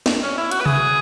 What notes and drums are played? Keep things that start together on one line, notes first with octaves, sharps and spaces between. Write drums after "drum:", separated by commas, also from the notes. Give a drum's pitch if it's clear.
drum: snare
C#4
E4
F#4, drum: hi-hat
B4
G#4, drum: tom C3